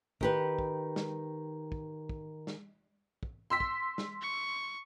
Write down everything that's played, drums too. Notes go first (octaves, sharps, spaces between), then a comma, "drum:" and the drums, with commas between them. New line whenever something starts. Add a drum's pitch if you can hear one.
D#3 G4 B4, drum: kick
drum: kick
drum: snare
drum: kick
drum: kick
drum: snare
drum: kick
C6 E6 B6
drum: kick
drum: snare
C#6